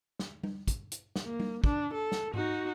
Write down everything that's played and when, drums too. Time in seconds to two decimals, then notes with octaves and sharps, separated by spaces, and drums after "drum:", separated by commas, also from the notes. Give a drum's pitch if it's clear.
0.19 drum: snare
0.43 drum: tom G3
0.68 drum: kick, hi-hat
0.92 drum: hi-hat
1.16 drum: snare
1.25 A#3
1.40 drum: tom G3
1.64 D4, drum: kick
1.93 A4
2.12 drum: snare
2.34 D#4 F#4, drum: tom G#2